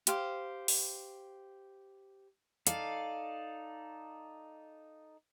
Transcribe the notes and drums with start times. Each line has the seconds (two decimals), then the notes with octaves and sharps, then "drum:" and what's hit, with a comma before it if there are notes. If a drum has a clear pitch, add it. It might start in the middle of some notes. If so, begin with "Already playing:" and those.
0.07 G4 C5 F5, drum: hi-hat
0.68 drum: open hi-hat
2.67 D#4 A4 D5 F5, drum: hi-hat